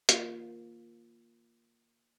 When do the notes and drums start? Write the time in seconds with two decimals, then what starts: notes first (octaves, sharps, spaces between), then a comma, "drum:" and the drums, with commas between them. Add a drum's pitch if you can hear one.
0.09 A#3 F4, drum: hi-hat